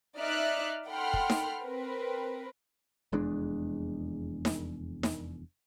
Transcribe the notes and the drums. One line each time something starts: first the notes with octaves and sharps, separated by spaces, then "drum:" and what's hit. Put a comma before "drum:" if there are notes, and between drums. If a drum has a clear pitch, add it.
D#4 D5 E5 F6 F#6
A4 F#5 G5 B5 C6 F6
drum: kick
drum: snare D#4
C4 A#4 B4
F1 E2 G#3 D4
drum: snare D#4
drum: snare D#4